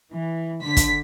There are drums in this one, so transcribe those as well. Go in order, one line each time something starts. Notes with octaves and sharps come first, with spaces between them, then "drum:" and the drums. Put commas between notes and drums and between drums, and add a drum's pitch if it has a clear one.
E3
D3 B6
drum: kick, hi-hat